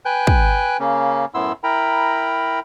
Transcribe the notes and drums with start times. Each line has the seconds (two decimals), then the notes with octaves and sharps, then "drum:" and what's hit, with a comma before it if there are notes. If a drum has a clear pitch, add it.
0.05 B4 G5 G#5 F#6 G6
0.27 drum: kick
0.80 C#3 A#3 C#4
1.34 F#2 A2 B3 E4 C6 E6
1.64 E4 A#4 G5 A#5 B5